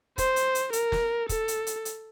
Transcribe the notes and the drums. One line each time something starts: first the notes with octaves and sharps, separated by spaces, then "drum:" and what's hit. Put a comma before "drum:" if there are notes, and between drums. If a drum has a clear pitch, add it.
C5, drum: kick, hi-hat
drum: hi-hat
drum: hi-hat
A#4, drum: hi-hat
drum: snare
A4, drum: kick, hi-hat
drum: hi-hat
drum: hi-hat
drum: hi-hat